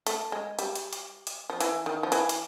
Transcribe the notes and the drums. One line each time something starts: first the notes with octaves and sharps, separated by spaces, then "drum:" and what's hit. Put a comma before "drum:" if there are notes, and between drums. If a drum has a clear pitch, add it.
A3, drum: hi-hat
G#3
G3, drum: hi-hat
drum: hi-hat
drum: hi-hat
drum: hi-hat
F3
E3, drum: hi-hat
D#3
F3
E3, drum: hi-hat
drum: hi-hat